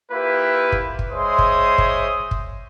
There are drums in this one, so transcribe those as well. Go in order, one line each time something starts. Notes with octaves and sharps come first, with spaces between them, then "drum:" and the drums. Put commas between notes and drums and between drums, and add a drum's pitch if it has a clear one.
A#3 E4 F4 G4 B4
drum: kick
drum: kick
G#3 C5 C#5 E5 C6 D#6
drum: kick
drum: kick
drum: kick